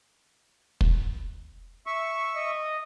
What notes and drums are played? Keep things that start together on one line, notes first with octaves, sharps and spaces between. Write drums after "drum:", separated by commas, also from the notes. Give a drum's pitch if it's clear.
drum: kick
E5 C#6
D#5